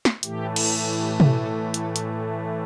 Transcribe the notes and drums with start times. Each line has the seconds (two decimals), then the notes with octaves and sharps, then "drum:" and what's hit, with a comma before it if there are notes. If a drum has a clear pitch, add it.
0.05 drum: snare
0.23 A2 E3 A3 G4, drum: hi-hat
0.56 drum: cymbal
0.99 G4
1.20 drum: tom
1.36 A4
1.74 A4, drum: hi-hat
1.96 drum: hi-hat